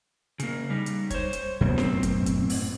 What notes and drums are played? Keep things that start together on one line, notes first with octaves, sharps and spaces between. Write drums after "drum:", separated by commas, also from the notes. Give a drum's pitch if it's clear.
C#3 A#3, drum: hi-hat
G3 D#4
drum: hi-hat
C5 C#5, drum: kick, hi-hat
drum: hi-hat
F#2 B2 A#3
A2 C4, drum: snare C#4
drum: kick, hi-hat
drum: kick, hi-hat
drum: open hi-hat